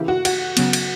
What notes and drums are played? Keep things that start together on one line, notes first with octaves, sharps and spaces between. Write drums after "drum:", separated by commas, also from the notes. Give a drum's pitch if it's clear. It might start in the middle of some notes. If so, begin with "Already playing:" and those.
Already playing: C#3 E3 A#3 E4 G4
F#4
F#4, drum: cymbal
C#3 F#3 B3, drum: cymbal
drum: cymbal